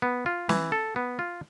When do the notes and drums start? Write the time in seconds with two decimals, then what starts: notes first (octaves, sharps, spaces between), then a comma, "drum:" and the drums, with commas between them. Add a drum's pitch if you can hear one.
0.02 B3
0.26 F4
0.49 E3, drum: snare
0.72 A4
0.96 B3
1.19 F4